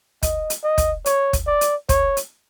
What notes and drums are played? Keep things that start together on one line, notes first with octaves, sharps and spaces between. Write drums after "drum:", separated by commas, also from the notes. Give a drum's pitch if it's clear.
D#5, drum: kick, hi-hat
drum: hi-hat
D#5
drum: kick, hi-hat
C#5, drum: hi-hat
drum: kick, hi-hat
D5
drum: hi-hat
C#5, drum: kick, hi-hat
drum: hi-hat